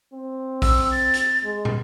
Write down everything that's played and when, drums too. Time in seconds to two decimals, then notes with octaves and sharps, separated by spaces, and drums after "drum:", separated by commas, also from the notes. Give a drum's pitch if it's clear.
0.14 C4
0.62 E6, drum: kick A#1, open hi-hat
0.92 A6
1.14 drum: hi-hat
1.44 G#3
1.65 drum: tom